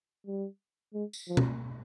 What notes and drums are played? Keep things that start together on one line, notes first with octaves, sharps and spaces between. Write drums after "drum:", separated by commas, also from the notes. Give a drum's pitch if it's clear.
G3
G#3
drum: tambourine
F3
drum: tom B2